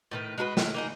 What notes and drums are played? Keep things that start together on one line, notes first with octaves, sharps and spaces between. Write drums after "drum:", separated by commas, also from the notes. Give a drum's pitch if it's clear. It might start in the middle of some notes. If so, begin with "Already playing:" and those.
A2 D#3 B4
G#3 F#4 A4 B4
E3 A#3, drum: snare
A#3 D#4 G#4